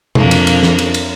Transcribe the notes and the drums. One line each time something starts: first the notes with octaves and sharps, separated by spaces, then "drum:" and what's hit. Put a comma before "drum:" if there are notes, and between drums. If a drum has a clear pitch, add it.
F2 A#3 D4, drum: tom B2
drum: cymbal
drum: cymbal
drum: snare
drum: cymbal
drum: cymbal